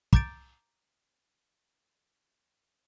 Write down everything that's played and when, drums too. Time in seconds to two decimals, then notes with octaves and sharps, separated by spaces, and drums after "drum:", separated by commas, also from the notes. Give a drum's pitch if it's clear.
0.13 A#5 D6 G6 A6 D7, drum: kick